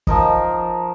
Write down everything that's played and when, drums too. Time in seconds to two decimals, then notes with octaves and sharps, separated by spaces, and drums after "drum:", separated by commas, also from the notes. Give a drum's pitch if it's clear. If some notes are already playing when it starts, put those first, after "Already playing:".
0.07 F3 A#4 D#5, drum: kick